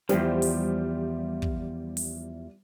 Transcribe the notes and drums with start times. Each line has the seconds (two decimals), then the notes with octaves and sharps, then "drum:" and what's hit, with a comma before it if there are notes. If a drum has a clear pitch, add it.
0.09 E2 G2 F3 G3 G4 C5, drum: snare
0.42 drum: open hi-hat
1.42 drum: kick
1.97 drum: open hi-hat